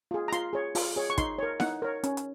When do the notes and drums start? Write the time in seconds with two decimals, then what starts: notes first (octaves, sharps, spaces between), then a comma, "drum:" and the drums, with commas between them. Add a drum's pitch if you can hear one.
0.11 F4 G#4
0.28 A#5
0.32 F4 C6, drum: hi-hat
0.53 G#4 C#5
0.75 F4, drum: open hi-hat
0.96 G#4 C#5
1.10 C#6
1.18 D#4 C6, drum: kick, hi-hat
1.39 A#4 C#5
1.60 D#4 F#5, drum: snare E4
1.82 A#4 C#5
2.04 C#4, drum: hi-hat
2.17 drum: hi-hat